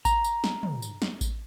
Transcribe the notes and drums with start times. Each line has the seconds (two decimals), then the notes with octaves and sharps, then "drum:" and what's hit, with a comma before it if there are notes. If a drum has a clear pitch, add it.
0.05 A#5, drum: kick A1, tambourine
0.24 drum: tambourine
0.44 drum: snare
0.63 drum: tom
0.82 drum: tambourine
1.02 drum: snare
1.21 drum: kick A1, tambourine